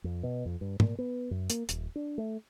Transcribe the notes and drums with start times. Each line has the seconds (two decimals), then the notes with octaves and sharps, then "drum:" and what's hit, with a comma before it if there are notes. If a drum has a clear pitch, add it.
0.04 F2
0.23 B2
0.45 F2
0.61 G2
0.80 A#2, drum: tom
0.98 B3
1.31 F#2
1.50 A#3, drum: hi-hat
1.69 D#1, drum: hi-hat
1.96 D4
2.18 A3